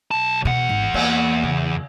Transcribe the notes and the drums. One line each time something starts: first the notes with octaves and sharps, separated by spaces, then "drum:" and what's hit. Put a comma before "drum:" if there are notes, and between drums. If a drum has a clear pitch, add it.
B1 A5
E2 B2 F#5
G#1
A#3, drum: cymbal
C#3